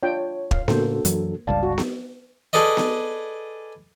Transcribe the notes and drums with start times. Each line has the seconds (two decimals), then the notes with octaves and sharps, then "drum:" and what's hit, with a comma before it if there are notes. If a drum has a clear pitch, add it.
0.03 D4 F4 C#5 G5
0.51 F5, drum: kick
0.68 A2 C#3 A#3 D4 F#4 A4 C5, drum: snare B3
1.05 F#2 E3 F#3, drum: hi-hat
1.47 G1 C#2 G2 D5 F5 A5
1.63 F#4
1.78 drum: snare B3
2.53 G#4 A4 B4 D5 D#5
2.77 drum: snare B3